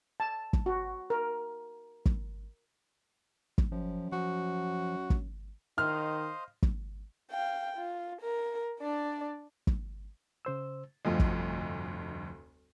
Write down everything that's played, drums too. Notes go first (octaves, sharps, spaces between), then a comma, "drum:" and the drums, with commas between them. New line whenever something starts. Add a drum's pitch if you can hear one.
A5
drum: kick
F#4
A#4
drum: kick
drum: kick
F#2 F3
F3 F#4
drum: kick
D#3 C5 D#5 F5 F6
drum: kick
F5 G5
F4
A#4
D4 D5
drum: kick
C#3 C5 E6
F1 D2 G2 F3 A3 D#5
drum: kick